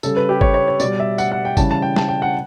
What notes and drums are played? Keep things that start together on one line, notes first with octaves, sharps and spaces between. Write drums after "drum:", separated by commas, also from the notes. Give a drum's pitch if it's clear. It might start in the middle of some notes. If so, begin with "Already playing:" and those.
C#3 G3 A4, drum: tambourine
B4
G4
C#5, drum: kick G1
C#5
C#5
B2 G3 D5, drum: tambourine
E5
F#5, drum: tambourine
F#5
G5
C#3 E3 G3 A5, drum: kick G1, tambourine
A5
G5
A5, drum: snare
G5
F#5